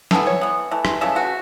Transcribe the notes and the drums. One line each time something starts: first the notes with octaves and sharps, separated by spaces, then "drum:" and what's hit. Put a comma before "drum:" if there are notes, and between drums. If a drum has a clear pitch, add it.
E3 B3 A4, drum: snare
C#5
E3 B3
E3 A3
drum: rim click
C#3 E3 A3 E5
F#4